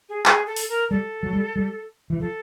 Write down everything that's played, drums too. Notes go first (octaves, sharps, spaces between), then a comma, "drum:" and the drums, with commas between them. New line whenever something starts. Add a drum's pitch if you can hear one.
G#4
G#4, drum: clap
A4
drum: open hi-hat
A#4
G3 A4
F#3
G3
G3
E3
F3 A4